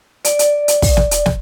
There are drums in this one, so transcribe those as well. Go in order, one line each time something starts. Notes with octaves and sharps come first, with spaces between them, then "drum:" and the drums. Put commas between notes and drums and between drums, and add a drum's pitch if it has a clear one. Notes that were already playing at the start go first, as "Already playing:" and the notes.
D5, drum: hi-hat
drum: hi-hat
drum: hi-hat
drum: kick, open hi-hat
drum: snare
drum: hi-hat
drum: snare